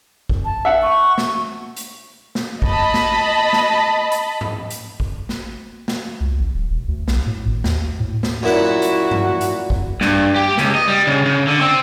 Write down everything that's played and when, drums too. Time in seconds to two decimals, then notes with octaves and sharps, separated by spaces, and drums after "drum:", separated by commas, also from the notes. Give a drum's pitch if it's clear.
0.29 drum: kick
0.45 A5
0.65 E5 F#5
0.82 C#6
1.18 drum: snare
1.76 drum: hi-hat
2.35 drum: snare
2.62 D#5 A5 B5, drum: kick
2.94 drum: snare
3.53 drum: snare
4.12 drum: hi-hat
4.41 drum: tom G#2
4.70 drum: hi-hat
5.00 drum: kick
5.29 drum: snare
5.88 drum: snare
6.20 C#2
6.39 A1
6.54 D1
6.70 E1
6.88 D2
7.08 B1, drum: snare
7.26 A2
7.46 G#1
7.64 D#2, drum: snare
7.99 A2
8.23 drum: snare
8.43 F#2 A#2 E4 F#4 F#5
8.82 drum: hi-hat
9.11 drum: tom G2
9.41 drum: hi-hat
9.70 drum: kick
10.01 G2, drum: snare
10.36 G4
10.58 C#2, drum: snare
10.75 D#5
10.88 G3
11.07 C#3
11.26 C#3
11.47 D3
11.61 C4